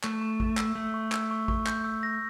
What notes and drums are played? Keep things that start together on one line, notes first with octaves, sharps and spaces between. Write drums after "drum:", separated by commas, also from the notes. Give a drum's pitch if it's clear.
A3 C#6, drum: clap
C#6
C#6, drum: kick A1
E6, drum: clap
A3 E6
C#6
E6, drum: clap
C#6
C#6, drum: kick A1
G6, drum: clap
E6
A#6